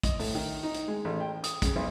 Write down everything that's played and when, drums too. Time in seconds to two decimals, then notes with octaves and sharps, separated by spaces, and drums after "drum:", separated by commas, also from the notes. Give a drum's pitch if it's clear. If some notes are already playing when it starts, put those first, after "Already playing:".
0.03 D#5, drum: kick, hi-hat
0.20 A2, drum: open hi-hat
0.35 D#3
0.63 D#4
0.74 drum: hi-hat
0.88 G#3
1.05 A1
1.20 G5
1.44 D#6, drum: hi-hat
1.62 C#3, drum: kick, hi-hat
1.76 B1